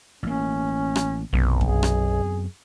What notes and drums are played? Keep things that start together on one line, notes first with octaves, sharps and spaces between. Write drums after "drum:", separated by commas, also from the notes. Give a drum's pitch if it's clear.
A1 A#3 C#4
drum: rim click
B1 F#2 C3 B3
G#4, drum: kick F#2
drum: rim click